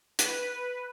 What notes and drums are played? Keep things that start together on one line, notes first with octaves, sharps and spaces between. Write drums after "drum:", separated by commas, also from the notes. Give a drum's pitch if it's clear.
B4, drum: hi-hat